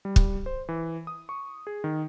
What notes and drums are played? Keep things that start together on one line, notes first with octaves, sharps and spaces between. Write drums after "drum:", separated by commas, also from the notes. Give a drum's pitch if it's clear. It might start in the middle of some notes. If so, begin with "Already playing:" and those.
G3
drum: kick
C5
E3
D#6
C#6
G#4
D#3